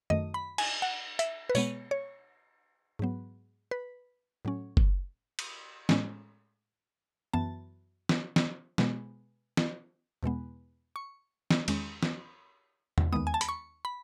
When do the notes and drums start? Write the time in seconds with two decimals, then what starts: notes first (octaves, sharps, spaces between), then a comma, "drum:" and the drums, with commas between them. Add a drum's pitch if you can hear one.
0.10 F#2 D#3 A3 D#5
0.34 B5
0.58 G#5, drum: cymbal
0.82 F#5
1.19 E5, drum: hi-hat
1.50 B4
1.55 B2 G#3 B3 C#5, drum: tambourine
1.91 C#5
2.99 G#2 F#3 B3
3.71 B4
4.45 A2 F#3 C#4
4.77 drum: kick F#1
5.39 drum: cymbal
5.89 A2 G#3 C#4, drum: snare
7.34 F#2 E3 B3 A5
8.09 drum: snare
8.36 drum: snare
8.78 B2 G#3 B3, drum: snare
9.57 drum: snare
10.23 E2 B2 G#3 B3
10.96 C#6
11.51 drum: snare
11.68 E2 D#3 G#3 C#4, drum: cymbal
12.03 drum: snare
12.98 drum: tom E2
13.13 D#2 D#3 G#3 B3 D#6
13.27 G#5
13.34 A5
13.41 B5, drum: hi-hat
13.49 C#6
13.85 B5